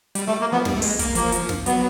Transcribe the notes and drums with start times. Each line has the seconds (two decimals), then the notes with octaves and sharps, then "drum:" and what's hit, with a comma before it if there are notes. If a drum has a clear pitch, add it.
0.15 G3, drum: hi-hat
0.28 G3 A3
0.41 A#3
0.52 F3 B3
0.65 G3, drum: snare
0.77 A3
0.82 G#3, drum: open hi-hat
0.99 A#3, drum: kick, hi-hat
1.15 F3 A#3, drum: hi-hat
1.32 drum: hi-hat
1.49 drum: snare
1.66 F#3 B3, drum: hi-hat